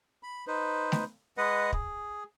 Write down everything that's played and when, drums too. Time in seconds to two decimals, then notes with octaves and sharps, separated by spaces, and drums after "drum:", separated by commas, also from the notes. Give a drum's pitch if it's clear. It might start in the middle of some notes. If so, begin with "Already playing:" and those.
0.23 B5
0.47 D#4 B4 C5
0.92 drum: snare A3
1.37 G#3 B4 D#5 F#5
1.72 G#4, drum: kick